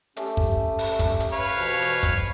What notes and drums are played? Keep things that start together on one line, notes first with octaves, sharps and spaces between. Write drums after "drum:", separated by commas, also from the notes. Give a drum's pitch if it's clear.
A3 C#4 G4, drum: hi-hat
drum: kick
drum: open hi-hat
drum: kick, hi-hat
drum: hi-hat
B4 C#5 F5
F2 B2 E3
drum: hi-hat
drum: kick, hi-hat